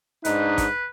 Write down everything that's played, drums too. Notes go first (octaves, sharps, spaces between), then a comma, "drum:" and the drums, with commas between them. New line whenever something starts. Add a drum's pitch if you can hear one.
G#2 D4 D#4 B4, drum: hi-hat
drum: kick, hi-hat